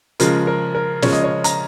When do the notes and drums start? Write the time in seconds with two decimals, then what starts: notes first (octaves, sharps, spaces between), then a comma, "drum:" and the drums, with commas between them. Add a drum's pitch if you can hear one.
0.20 C#3 F3 G#3 A#4, drum: hi-hat
0.47 A#4
0.75 A#4
1.02 C#3 F3 G#3 C#5, drum: snare
1.13 D#5
1.24 C#5
1.44 A#5, drum: hi-hat